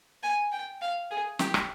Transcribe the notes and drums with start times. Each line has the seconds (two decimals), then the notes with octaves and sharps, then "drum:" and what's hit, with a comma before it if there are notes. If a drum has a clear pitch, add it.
0.23 G#5
0.52 G5
0.81 F5
1.10 G#4
1.39 G4, drum: snare
1.54 drum: rim click